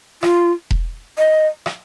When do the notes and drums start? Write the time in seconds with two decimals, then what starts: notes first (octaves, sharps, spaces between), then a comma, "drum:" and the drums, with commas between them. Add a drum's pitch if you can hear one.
0.23 F4, drum: rim click
0.71 drum: kick E1
1.18 D#5
1.66 drum: rim click